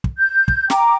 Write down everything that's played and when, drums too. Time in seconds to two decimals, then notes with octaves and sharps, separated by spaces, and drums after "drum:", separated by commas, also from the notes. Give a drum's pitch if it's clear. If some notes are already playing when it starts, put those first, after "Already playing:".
0.04 drum: kick
0.18 G6
0.48 drum: kick
0.70 G5 A#5 D6, drum: snare